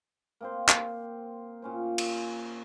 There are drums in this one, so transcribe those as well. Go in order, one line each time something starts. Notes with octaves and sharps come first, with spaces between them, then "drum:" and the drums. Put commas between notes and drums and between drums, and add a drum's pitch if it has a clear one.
A#3 C4 C5
drum: clap
A#2 C#4 C5
drum: cymbal